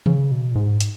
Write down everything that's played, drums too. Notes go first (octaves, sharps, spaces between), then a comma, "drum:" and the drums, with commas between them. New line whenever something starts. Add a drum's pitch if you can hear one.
C#3, drum: tom D#3
B2
A#2
G#2
drum: hi-hat